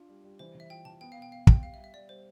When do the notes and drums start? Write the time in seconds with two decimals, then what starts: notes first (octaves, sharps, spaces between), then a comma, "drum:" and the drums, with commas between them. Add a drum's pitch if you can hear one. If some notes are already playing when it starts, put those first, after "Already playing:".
Already playing: D4 F4
0.09 G3
0.24 G3
0.39 E3 C5
0.55 E3
0.60 E5
0.70 F4 G5
0.85 E3 A5
1.01 B3 G5
1.12 F5
1.17 B2
1.22 G5
1.32 B3 F5
1.47 B3 G5, drum: kick
1.63 G3 F5
1.74 E5
1.78 G3
1.84 E5
1.94 G3 D5
2.09 G3 C5